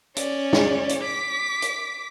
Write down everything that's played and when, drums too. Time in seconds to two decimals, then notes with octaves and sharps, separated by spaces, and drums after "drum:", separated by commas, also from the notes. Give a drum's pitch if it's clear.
0.16 C#4 D5, drum: hi-hat
0.53 drum: snare
0.89 drum: hi-hat
1.02 D6 B6
1.62 drum: hi-hat